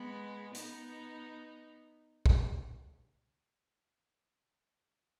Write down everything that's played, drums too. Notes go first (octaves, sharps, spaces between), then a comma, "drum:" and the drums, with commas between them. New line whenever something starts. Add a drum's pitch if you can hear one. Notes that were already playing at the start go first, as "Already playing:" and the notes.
Already playing: G#3 B3
B3 D#4, drum: hi-hat
drum: kick